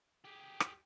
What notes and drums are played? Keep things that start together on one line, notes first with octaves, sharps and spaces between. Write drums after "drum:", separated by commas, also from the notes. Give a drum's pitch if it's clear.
G4 G#4
drum: rim click